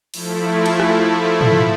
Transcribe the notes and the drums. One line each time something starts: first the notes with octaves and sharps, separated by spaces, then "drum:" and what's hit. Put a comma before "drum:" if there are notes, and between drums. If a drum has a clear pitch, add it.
F3 A3 E4, drum: open hi-hat
drum: cymbal
drum: rim click
drum: tom G#2